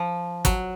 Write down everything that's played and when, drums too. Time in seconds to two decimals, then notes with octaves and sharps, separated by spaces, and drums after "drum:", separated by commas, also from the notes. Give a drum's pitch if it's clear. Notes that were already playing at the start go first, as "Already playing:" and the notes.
Already playing: F3
0.45 F#3, drum: kick, hi-hat